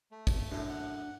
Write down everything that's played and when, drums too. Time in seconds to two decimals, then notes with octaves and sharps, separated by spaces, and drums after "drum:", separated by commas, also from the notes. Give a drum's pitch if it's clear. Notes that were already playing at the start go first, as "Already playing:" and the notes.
0.11 A3
0.27 drum: kick, open hi-hat
0.51 F#2 A2 D4
0.69 F#5